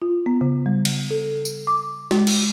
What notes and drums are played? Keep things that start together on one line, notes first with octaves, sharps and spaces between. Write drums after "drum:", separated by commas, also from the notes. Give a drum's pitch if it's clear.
F4
B3
C#3
G3
drum: cymbal
A4
drum: tambourine
D6
G#3, drum: snare
drum: cymbal